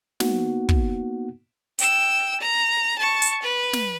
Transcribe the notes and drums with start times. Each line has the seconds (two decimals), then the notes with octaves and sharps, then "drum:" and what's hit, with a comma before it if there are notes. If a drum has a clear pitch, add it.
0.20 A#3 B3 D#4 F#4 F#5, drum: snare
0.69 drum: kick
1.79 G5 E6, drum: hi-hat
2.40 A#5
2.98 A5 C#6
3.22 drum: hi-hat
3.42 B4
3.73 drum: snare